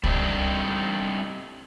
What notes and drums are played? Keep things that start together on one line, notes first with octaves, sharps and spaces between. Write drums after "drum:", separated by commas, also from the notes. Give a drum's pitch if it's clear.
G3 A3 C4 D4 D#4, drum: kick